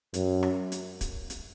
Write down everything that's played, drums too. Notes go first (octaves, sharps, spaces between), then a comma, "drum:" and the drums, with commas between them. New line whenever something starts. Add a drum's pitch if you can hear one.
F#2, drum: hi-hat
drum: rim click
drum: hi-hat
drum: kick, hi-hat
drum: hi-hat